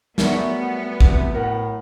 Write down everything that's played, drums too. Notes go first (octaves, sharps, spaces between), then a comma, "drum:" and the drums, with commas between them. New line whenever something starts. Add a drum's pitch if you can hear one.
F#3 G3 A3 B3 G#4 A#4, drum: snare
C3 E3, drum: kick
A2 A#4 F#5